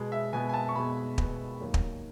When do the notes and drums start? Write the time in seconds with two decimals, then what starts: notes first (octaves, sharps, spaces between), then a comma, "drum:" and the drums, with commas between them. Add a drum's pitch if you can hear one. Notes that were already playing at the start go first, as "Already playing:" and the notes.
Already playing: B2 G#3 B3
0.12 E5
0.33 B2 G#3 B3 G#5
0.49 G#5
0.54 A5
0.69 C#6
0.75 B2 G#3 B3 B5
1.18 B2 G#3 B3, drum: kick
1.60 D#2 D#3 F#3
1.74 drum: kick